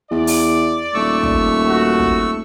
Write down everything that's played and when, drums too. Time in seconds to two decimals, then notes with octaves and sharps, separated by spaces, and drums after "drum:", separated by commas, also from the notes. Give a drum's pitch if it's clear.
0.11 E2 D5
0.27 drum: open hi-hat
0.94 D#1 A3 C#6 E6
1.23 drum: kick
1.67 F#4
1.99 drum: kick